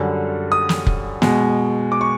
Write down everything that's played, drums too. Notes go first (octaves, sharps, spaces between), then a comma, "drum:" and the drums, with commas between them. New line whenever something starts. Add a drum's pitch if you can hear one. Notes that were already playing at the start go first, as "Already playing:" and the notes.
Already playing: F#2 D3 G3
D#6
drum: snare
drum: kick
B2 G#3, drum: snare
D6
C#6